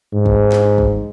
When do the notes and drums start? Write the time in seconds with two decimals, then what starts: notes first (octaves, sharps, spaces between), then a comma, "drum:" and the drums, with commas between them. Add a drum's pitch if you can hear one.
0.13 G#2
0.26 drum: kick
0.52 drum: snare
0.78 drum: kick